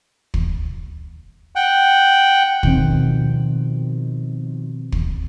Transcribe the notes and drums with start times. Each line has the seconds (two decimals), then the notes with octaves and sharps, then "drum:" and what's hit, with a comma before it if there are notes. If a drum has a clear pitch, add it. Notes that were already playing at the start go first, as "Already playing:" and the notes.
0.34 drum: kick
1.56 F#5 G5
2.63 B2 D#3 F3 C4, drum: kick
4.92 drum: kick